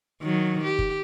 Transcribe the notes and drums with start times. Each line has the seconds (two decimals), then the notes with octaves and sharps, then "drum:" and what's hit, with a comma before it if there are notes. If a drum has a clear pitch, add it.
0.22 D#3 F#3
0.64 G4
0.79 drum: kick F#1